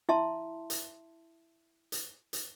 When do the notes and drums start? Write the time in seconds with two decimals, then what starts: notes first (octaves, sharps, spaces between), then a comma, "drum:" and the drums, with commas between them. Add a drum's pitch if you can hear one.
0.09 E4 E5 A5 C6
0.70 drum: hi-hat
1.92 drum: hi-hat
2.33 drum: hi-hat